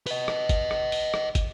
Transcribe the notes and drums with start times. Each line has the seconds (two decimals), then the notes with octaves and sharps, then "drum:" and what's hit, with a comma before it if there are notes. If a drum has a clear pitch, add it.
0.07 B4 D#5, drum: open hi-hat
0.28 drum: rim click
0.49 drum: kick, hi-hat
0.71 drum: rim click
0.92 drum: open hi-hat
1.14 drum: rim click
1.35 drum: kick, hi-hat